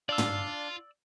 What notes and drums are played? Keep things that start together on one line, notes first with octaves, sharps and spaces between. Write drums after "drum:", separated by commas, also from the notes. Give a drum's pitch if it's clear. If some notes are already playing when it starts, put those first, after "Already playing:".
D4 F4 D5 F5 E6
drum: tom